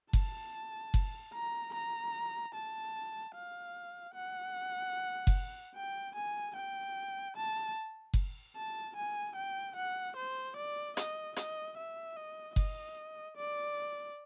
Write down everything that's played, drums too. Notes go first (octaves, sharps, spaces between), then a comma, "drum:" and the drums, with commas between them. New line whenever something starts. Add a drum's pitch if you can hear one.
A5, drum: kick F#1
drum: kick F#1
A#5
A#5
A5
F5
F#5
drum: kick F#1
G5
G#5
G5
A5
drum: kick F#1
A5
G#5
G5
F#5
C5
D5
D#5, drum: hi-hat
D#5, drum: hi-hat
E5
D#5
D#5, drum: kick F#1
D5